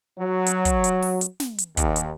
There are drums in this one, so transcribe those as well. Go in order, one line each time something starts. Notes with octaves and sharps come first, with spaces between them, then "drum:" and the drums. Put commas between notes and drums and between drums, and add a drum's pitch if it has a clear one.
F#3
drum: hi-hat
drum: kick, hi-hat
drum: hi-hat
drum: open hi-hat
drum: hi-hat
drum: snare
drum: hi-hat
D#2, drum: kick, hi-hat
drum: hi-hat